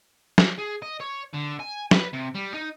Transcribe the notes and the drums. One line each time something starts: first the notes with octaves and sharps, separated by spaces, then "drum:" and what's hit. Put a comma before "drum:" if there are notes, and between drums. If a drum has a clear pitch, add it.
drum: snare
G#4
D#5
C#5
D3
G#5
B4, drum: snare
C3
G3
D#4